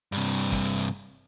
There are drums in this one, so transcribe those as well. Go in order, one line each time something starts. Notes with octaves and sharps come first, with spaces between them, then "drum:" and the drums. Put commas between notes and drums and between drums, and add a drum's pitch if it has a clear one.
G2 C3, drum: hi-hat
drum: hi-hat
drum: hi-hat
drum: kick, hi-hat
drum: hi-hat
drum: hi-hat